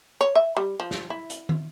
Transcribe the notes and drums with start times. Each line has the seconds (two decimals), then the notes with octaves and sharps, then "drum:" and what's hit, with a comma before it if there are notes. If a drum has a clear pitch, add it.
0.21 C#5
0.35 E5
0.57 G3
0.80 F3
0.91 drum: snare
1.10 E4
1.30 drum: hi-hat
1.49 drum: tom